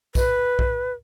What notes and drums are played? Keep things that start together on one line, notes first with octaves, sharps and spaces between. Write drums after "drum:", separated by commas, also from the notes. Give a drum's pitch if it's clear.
B4, drum: kick B1, tambourine
drum: kick B1